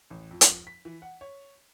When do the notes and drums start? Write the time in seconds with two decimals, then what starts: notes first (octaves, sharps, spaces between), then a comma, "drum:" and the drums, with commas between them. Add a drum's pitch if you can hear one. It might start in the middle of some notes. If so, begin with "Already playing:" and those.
0.10 A1
0.31 F2
0.41 drum: hi-hat
0.67 B6
0.85 E3
1.02 F#5
1.21 C#5